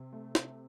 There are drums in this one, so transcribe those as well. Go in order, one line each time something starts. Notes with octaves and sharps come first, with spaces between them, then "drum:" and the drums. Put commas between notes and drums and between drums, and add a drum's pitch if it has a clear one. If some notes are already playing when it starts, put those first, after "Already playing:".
Already playing: C3
A3
C3, drum: snare